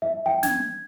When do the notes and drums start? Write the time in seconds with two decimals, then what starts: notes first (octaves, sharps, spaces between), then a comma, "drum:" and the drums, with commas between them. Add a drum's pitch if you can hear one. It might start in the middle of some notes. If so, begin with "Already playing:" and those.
0.02 E5
0.26 G5
0.43 G#6, drum: snare